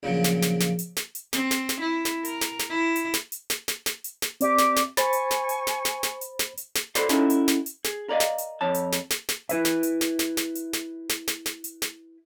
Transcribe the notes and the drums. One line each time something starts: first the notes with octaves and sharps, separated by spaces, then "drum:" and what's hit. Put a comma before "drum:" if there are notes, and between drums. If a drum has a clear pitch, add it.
A#1 A#2 C#3 F3 F#3
drum: snare
drum: snare
drum: snare
drum: hi-hat
drum: snare
drum: hi-hat
C4, drum: snare
drum: snare
drum: snare
E4
drum: snare
A#4, drum: hi-hat
drum: snare
drum: snare
E4
drum: hi-hat
drum: snare
drum: hi-hat
drum: snare
drum: snare
drum: snare
drum: hi-hat
drum: snare
C4 G4 D5 E5 D6, drum: hi-hat
drum: snare
drum: snare
C5 G#5 B5 C#6 A6, drum: snare
drum: hi-hat
drum: snare
drum: hi-hat
drum: snare
drum: snare
drum: snare
drum: hi-hat
drum: snare
drum: hi-hat
drum: snare
F#4 A4 B4 C5 D5, drum: snare
C#4 D#4 E4 F#4 A4 A#4, drum: snare
drum: hi-hat
drum: snare
drum: hi-hat
G#4, drum: snare
A#4 D5 D#5 F5
drum: snare
drum: hi-hat
F2 C#5 A5
drum: hi-hat
drum: snare
drum: snare
drum: snare
E4 B4 E5, drum: hi-hat
drum: snare
drum: hi-hat
drum: snare
drum: snare
drum: snare
drum: hi-hat
drum: snare
drum: snare
drum: snare
drum: snare
drum: hi-hat
drum: snare